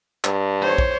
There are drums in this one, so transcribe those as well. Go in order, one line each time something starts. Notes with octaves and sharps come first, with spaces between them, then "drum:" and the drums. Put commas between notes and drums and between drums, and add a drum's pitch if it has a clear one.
G2, drum: clap
C5 C#5
drum: kick